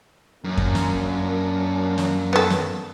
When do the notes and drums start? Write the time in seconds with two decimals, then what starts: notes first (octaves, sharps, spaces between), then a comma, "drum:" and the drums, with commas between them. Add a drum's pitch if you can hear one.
0.44 F#2 A#3 C#4 D4
0.57 drum: kick F2
0.75 drum: snare
1.98 drum: snare
2.33 B3 A4
2.50 drum: snare